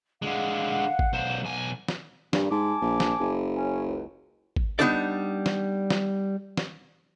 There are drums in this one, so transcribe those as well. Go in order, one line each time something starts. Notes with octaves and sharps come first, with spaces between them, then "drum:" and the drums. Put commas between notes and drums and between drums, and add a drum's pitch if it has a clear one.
D3 G#3 F5 F#5
drum: kick
B1 C5
B1 G#5
drum: snare
G2 A#2, drum: snare
G#2 G#5 A5 D6
A#1
drum: snare
F#1
C#4
C#2
drum: kick
G3 B3 D4 D#4 A4 D5
drum: snare
drum: snare
drum: snare